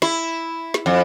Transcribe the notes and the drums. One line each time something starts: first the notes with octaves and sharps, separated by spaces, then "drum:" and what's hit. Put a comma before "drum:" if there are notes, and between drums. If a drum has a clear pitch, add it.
E4, drum: snare
drum: snare
F2